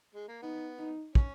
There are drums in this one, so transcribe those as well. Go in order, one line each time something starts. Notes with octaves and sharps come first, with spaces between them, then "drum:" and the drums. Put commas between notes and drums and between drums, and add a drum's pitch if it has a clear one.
G#3
A#3
B3 D#4
D#4
C#4, drum: kick